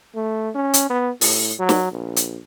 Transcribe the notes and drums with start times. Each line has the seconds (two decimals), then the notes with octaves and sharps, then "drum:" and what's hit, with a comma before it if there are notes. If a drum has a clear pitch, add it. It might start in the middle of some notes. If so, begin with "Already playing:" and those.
0.15 A3
0.55 C#4
0.74 drum: hi-hat
0.90 B3
1.21 A2, drum: open hi-hat
1.59 F#3
1.69 drum: snare
1.92 A#1
2.16 drum: hi-hat